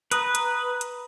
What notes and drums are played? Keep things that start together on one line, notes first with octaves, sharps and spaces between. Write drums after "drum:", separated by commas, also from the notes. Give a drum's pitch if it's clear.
B4 A#5 D#6 F#6, drum: hi-hat
drum: hi-hat
drum: hi-hat